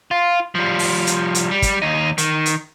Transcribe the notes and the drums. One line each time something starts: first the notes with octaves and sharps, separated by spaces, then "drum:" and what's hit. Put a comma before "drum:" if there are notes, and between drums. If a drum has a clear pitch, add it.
F4
F3 G3
drum: open hi-hat
drum: hi-hat
drum: hi-hat
G3
drum: kick, hi-hat
D#2 D#4
D#3, drum: hi-hat
drum: hi-hat